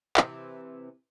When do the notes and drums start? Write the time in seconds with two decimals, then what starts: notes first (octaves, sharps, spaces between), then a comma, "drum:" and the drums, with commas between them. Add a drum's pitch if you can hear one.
0.17 C3 E3, drum: clap